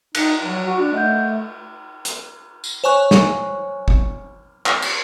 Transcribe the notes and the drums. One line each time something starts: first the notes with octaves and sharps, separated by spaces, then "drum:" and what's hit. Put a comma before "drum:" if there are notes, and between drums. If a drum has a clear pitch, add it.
D#4 F#6, drum: cymbal
F#3
F#4
D4
A3 D#5 F#5 G6
drum: hi-hat
drum: tambourine
C5 C#5 G#5 C#6 F#6
drum: snare
drum: kick G1
drum: clap
drum: cymbal